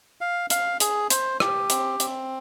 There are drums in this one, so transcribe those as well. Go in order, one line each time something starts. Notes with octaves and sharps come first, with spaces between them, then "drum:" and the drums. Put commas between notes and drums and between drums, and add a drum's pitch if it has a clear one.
F5
F5, drum: hi-hat
G#4, drum: hi-hat
C5, drum: hi-hat
G4, drum: rim click
C4, drum: hi-hat
C4, drum: hi-hat